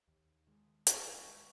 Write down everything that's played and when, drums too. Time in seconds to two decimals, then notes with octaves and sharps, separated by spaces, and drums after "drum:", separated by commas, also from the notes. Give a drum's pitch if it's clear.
0.08 D#2
0.47 D#3 G#3
0.87 D#2 C#6, drum: hi-hat
1.26 D#3 G#3